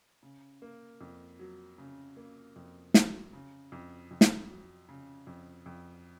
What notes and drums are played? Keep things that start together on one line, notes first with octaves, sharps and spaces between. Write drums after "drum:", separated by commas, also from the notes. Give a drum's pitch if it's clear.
C#3
A#3
F2
F#3
C#3
A#3
F2
F#3, drum: snare
C#3
F2
F2
drum: snare
F#3
C#3
F2
F2